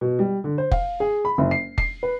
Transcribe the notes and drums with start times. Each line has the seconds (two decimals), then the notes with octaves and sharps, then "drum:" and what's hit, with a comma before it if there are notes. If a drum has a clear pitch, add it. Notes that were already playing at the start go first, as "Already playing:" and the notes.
0.01 B2
0.19 G3
0.44 D3
0.58 C5
0.71 F5, drum: kick F1
1.00 G#4
1.25 B5
1.38 F#1
1.51 C7
1.78 C7, drum: kick F1
2.03 B4